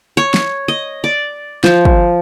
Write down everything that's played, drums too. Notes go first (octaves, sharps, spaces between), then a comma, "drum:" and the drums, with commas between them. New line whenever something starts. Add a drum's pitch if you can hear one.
C#5
drum: snare
D#5
D5
F3, drum: snare
drum: kick